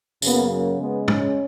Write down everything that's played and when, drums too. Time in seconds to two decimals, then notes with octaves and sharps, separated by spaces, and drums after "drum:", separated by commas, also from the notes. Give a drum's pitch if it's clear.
0.22 F#2 C#3 F#3 A#3 B3, drum: tambourine
0.51 A#3
0.79 C#3 G#3 B3
1.08 C#4, drum: tom